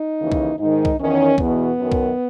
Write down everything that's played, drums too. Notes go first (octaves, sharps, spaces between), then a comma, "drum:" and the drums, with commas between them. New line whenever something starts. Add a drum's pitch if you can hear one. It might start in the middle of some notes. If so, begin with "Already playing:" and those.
Already playing: D#4
D#2 C#3 E3
drum: kick B1
G#2 D#3 D#4
drum: kick B1
E2 D#3 C#4
E2 B2 B3, drum: kick B1
F#2 D#3
drum: kick B1